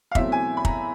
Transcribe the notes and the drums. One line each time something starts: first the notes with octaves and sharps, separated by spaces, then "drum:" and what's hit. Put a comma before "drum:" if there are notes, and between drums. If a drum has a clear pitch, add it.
F5
E2 B2 F#3 A3 C4 E5, drum: kick
G#5
B5
A#5, drum: kick